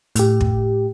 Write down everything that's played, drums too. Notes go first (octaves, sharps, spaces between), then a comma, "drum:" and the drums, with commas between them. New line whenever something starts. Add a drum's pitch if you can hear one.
A2 G4, drum: hi-hat
drum: kick